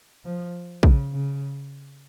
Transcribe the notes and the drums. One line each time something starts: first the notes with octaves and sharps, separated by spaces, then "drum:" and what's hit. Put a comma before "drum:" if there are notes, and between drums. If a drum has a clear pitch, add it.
F3
C#3, drum: kick
C#3